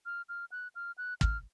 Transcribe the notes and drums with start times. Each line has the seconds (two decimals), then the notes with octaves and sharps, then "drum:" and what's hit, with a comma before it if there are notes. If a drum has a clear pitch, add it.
0.06 F6
0.29 F6
0.52 F#6
0.75 F6
0.98 F#6
1.21 F6, drum: kick